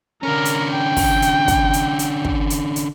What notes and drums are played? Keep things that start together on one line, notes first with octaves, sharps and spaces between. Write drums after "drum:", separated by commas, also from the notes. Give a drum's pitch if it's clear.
D3 C#4 A#4
drum: hi-hat
G5
drum: kick, open hi-hat
drum: hi-hat
drum: kick, hi-hat
drum: hi-hat
drum: hi-hat
drum: kick
drum: hi-hat
drum: hi-hat